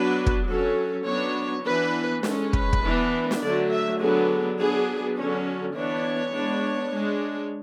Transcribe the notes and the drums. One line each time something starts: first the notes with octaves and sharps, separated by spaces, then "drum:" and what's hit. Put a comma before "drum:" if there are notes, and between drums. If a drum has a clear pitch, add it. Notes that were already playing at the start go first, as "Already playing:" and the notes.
Already playing: F#3 B3 D4 B4
drum: kick
F#3 C#4 A4
F#3 B3 D4 C#5
E3 B3 D4 B4
G#3 C#4 A4, drum: snare
B4, drum: kick
drum: kick
E3 B3 D4
drum: snare
D3 F#3 A3 D5
E5
D3 F#3 B3 D4 G#4
F#3 B3 D4 G#4
D3 F#3 C#4 A4
E3 B3 D4 C#5
G#3 B3 D4
G#3 D4